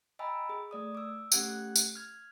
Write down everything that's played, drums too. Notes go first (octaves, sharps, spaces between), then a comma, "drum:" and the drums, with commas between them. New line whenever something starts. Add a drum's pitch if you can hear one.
D#5 G5 G#5 A#5 B5 E6
G#4
A3 D5 D#6
D6 E6
A3 C#4 G4 F#5 F#6 G#6, drum: tambourine
drum: tambourine
F6 G#6